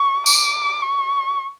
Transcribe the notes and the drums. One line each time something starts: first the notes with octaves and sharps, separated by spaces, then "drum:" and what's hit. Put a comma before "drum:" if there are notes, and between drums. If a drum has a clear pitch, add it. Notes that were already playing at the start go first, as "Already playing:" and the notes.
Already playing: C#6
D6, drum: tambourine
C#6